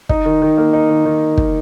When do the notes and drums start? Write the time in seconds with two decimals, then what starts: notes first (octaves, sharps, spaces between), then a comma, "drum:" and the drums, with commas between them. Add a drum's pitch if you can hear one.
0.09 D#4, drum: kick
0.25 D#3
0.42 D#3
0.57 A#3
0.73 D#4
0.89 D#3
1.05 D#3
1.38 drum: kick